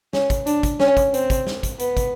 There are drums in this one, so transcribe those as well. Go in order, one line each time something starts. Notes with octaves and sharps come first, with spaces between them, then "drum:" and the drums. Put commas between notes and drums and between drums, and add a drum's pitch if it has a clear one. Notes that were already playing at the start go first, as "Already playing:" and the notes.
C#4, drum: snare
drum: kick, hi-hat
D4, drum: hi-hat
drum: kick, hi-hat
C#4, drum: snare
drum: kick, hi-hat
C4, drum: hi-hat
drum: kick, hi-hat
drum: snare
drum: kick, hi-hat
B3, drum: hi-hat
drum: kick, hi-hat